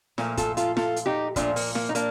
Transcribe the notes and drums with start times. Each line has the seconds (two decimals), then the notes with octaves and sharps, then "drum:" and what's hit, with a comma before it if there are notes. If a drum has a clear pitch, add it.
0.18 A#2 F3 A3 A#3, drum: snare
0.37 F4 A4, drum: kick, hi-hat
0.57 F4 A4, drum: hi-hat
0.77 F4 A4, drum: snare
0.96 drum: hi-hat
1.06 D#4 G4
1.36 A#2 F3 A3 D4 F4, drum: kick, hi-hat
1.56 A#3, drum: open hi-hat
1.75 A#3, drum: snare
1.89 D#4
1.95 A#3 D4, drum: hi-hat